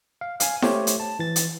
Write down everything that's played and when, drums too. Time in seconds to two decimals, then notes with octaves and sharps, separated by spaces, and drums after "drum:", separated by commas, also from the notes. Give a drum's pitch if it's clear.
0.21 F5
0.40 F5 G#5, drum: hi-hat
0.62 A3 G4 C5 C#5, drum: snare E4
0.87 drum: hi-hat
1.00 A5
1.19 E3 A6
1.36 drum: hi-hat